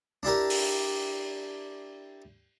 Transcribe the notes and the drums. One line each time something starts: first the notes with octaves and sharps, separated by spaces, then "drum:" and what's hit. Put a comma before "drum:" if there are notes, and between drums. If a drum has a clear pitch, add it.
D4 E4 G4 A#4
drum: open hi-hat